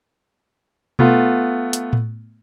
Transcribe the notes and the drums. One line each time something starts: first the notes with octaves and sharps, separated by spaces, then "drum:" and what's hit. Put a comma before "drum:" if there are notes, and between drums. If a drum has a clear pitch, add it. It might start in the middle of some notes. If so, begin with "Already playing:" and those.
A3 B3 F4, drum: tom B2
drum: hi-hat
drum: tom A2